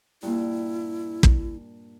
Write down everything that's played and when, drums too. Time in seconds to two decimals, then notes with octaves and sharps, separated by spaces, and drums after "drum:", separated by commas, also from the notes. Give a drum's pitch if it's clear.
0.23 G2 A#2 A#3 E4
1.23 drum: kick